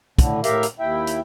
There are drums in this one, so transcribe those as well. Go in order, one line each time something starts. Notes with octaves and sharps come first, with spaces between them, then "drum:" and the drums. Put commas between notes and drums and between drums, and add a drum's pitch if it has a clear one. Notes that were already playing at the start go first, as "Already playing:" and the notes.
A2 D3, drum: kick, hi-hat
A2 G4 A#4 E5 F5, drum: hi-hat
drum: hi-hat
D#2 E4 E5 G5
drum: hi-hat